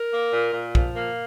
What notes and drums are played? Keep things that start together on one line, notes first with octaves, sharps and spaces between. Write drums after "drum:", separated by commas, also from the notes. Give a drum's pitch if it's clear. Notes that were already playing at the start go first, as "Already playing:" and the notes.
Already playing: A#4
A#3
A#2
A#2
F3, drum: kick
A#3